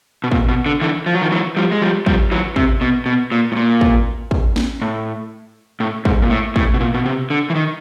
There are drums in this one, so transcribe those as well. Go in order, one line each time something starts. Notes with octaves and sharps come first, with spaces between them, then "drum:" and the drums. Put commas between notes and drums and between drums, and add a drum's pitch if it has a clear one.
B2
A#2, drum: kick
B2
D3
D3 E3
F3
F#3
D#3 F3
E3 F#3
F3 G3
G#3
F3 G3
F3 G3, drum: kick
E3 F#3
C3, drum: kick
B2
B2
A#2
A2
A#2
drum: kick
drum: kick
drum: snare C4
A2
A2
G#2, drum: kick
A#2
A2
A2, drum: kick
B2
A#2
B2
C3
D3
E3
D#3